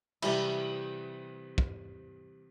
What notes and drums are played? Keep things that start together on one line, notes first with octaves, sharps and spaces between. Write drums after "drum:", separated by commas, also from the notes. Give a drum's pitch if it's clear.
C3 E3 G3 E4, drum: cymbal
drum: kick